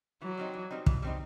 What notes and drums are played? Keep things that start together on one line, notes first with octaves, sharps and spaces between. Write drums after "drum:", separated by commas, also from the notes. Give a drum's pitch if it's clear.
E3 F#3
G3 C4 D#4
E3
G3 C4 D#4
E3, drum: kick
G3 C4 D#4